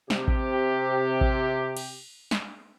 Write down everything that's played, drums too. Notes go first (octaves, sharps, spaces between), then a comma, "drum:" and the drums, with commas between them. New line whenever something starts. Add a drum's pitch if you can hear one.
C3 G4, drum: snare
drum: kick A1
drum: kick A1
drum: cymbal
drum: snare